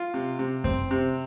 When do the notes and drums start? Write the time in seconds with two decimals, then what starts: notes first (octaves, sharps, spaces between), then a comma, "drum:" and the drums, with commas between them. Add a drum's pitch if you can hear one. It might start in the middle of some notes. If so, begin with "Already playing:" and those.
Already playing: F4
0.14 C3
0.39 C3
0.64 C4, drum: kick F#2
0.91 C3